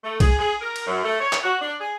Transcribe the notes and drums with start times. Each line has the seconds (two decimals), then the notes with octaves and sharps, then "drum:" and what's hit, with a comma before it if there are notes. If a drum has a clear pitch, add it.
0.04 A3
0.20 G#4, drum: kick, cymbal
0.39 G#4
0.61 A#4
0.76 drum: cymbal
0.87 F#2
1.04 A3
1.20 C#5
1.33 drum: clap
1.44 F#4
1.61 D4
1.80 G#4